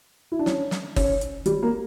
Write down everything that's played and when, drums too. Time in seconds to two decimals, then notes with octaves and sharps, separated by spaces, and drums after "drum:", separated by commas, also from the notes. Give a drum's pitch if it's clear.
0.32 E4
0.39 D4
0.46 C#4, drum: snare
0.71 drum: snare
0.96 C#4, drum: kick, open hi-hat
1.21 drum: hi-hat
1.46 G3, drum: hi-hat
1.63 A#3